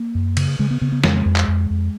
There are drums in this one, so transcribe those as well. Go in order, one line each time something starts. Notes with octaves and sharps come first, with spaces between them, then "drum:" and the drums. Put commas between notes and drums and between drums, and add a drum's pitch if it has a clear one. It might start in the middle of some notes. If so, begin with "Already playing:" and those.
Already playing: A#3
F#2
C#3, drum: cymbal
C#3 G#3
B3
C#3 B3
B3
F2 G#3, drum: snare
F2
drum: clap
F2
F2